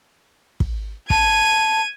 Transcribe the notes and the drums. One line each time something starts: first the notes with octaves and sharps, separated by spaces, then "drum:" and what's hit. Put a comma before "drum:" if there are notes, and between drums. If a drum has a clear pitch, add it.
drum: kick
A5 G#6 D#7, drum: kick